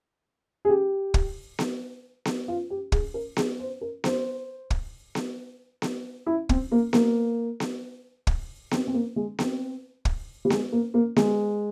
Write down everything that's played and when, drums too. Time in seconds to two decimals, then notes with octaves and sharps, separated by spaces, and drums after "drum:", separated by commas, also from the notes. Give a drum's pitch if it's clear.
0.65 G#4
0.69 G4
1.14 drum: kick
1.59 drum: snare B3
2.25 drum: snare B3
2.48 F4
2.70 G4
2.92 G#4, drum: kick
3.14 A#4
3.37 G#4, drum: snare B3
3.59 C5
3.81 A#4
4.04 C5, drum: snare B3
4.70 drum: kick
5.15 drum: snare B3
5.82 drum: snare B3
6.26 E4
6.49 C4, drum: kick
6.72 A#3
6.93 A#3, drum: snare B3
7.60 drum: snare B3
8.27 drum: kick
8.71 C4, drum: snare B3
8.87 C4
8.94 A#3
9.16 G#3
9.39 C4, drum: snare B3
10.05 drum: kick
10.45 G3
10.50 G#3, drum: snare B3
10.72 A#3
10.94 A#3
11.16 G#3, drum: snare B3